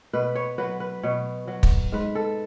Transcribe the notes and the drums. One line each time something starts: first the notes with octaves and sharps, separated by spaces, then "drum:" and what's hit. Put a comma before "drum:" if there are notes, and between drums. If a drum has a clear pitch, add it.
B2 B4
C#5
F#3 B4
B4
B2 C#5
F#3
drum: kick
G#2 B4
A4